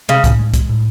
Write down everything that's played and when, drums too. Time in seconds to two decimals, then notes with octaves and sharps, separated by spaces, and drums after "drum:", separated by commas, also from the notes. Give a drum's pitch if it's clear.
0.09 C#3 G#3
0.24 A2, drum: kick, hi-hat
0.39 G#3
0.54 G#3, drum: kick, hi-hat
0.69 A2